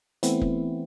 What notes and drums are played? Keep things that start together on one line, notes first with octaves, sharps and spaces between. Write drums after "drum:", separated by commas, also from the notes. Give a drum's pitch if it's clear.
E3 A3 B3 C4 E4, drum: hi-hat
drum: kick